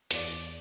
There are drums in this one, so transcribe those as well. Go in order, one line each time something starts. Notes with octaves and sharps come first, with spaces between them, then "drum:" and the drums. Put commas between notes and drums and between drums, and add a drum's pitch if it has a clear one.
E2 D5, drum: hi-hat